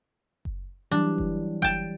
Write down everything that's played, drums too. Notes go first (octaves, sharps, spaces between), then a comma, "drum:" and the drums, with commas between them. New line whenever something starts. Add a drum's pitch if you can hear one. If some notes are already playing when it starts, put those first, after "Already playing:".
drum: kick F#1
E3 F#3 G3 D4
drum: kick F#1
G5 A5, drum: kick F#1